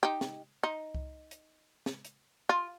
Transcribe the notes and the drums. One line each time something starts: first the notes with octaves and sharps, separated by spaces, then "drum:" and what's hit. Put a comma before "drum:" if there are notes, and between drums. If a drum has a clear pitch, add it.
D#4 G4
drum: snare
D#4
drum: kick C2
drum: hi-hat
drum: snare
drum: hi-hat
F4